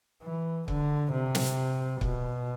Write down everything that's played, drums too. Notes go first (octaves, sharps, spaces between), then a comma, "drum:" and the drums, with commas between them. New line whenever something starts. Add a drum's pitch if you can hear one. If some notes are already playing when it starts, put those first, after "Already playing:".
E3
D3, drum: kick C#1
C3
drum: snare
B2, drum: kick C#1